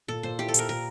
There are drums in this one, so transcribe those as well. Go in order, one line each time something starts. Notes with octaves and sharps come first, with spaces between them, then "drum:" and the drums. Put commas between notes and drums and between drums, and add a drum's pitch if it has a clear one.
A#2 A4
A#2 C5
E4 G4
A4
A#2 A#4, drum: hi-hat
A#2 A#4